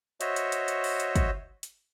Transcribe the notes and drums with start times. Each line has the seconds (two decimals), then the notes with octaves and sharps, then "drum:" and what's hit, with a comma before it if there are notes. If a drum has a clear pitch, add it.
0.21 F#4 C5 C#5 D#5 E5, drum: hi-hat
0.36 drum: hi-hat
0.52 drum: hi-hat
0.68 drum: hi-hat
0.84 drum: open hi-hat
1.00 drum: hi-hat
1.16 drum: kick, hi-hat
1.63 drum: hi-hat